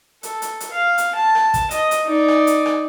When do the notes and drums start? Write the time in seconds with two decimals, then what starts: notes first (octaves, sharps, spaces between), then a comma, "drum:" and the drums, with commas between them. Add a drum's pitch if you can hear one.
0.23 A4, drum: hi-hat
0.42 drum: hi-hat
0.60 drum: hi-hat
0.71 F5
0.98 drum: hi-hat
1.15 A5
1.35 drum: rim click
1.54 drum: kick, hi-hat
1.71 D#5, drum: hi-hat
1.91 drum: hi-hat
2.06 D#4 D5
2.28 drum: rim click
2.47 drum: hi-hat
2.66 drum: rim click